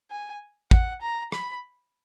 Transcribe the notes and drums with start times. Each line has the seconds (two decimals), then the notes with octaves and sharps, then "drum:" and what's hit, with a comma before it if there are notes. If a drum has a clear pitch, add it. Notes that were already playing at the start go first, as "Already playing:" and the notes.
0.11 G#5
0.71 F#5, drum: kick
1.02 A#5
1.32 B5, drum: rim click